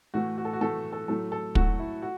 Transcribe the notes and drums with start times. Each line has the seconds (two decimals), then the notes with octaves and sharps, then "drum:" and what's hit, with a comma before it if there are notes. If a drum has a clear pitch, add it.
0.14 A2 E3 A3 F#4
0.38 F#4
0.45 A4
0.53 F#4
0.61 A2 E3 A3 A4
0.92 A4
1.08 A2 F#3 A3 A4
1.32 A4
1.55 A2 F#3 A3 F#4, drum: kick
1.79 E4
2.02 F#4